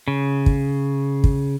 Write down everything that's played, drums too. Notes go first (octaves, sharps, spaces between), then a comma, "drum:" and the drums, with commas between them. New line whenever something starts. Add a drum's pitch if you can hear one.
C#3
drum: kick
drum: kick